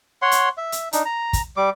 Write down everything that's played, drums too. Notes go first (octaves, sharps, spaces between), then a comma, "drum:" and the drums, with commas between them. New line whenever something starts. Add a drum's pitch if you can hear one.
C#5 F#5 C6
drum: hi-hat
E5
drum: hi-hat
D4 D#4, drum: hi-hat
A#5
drum: kick, hi-hat
G3 D6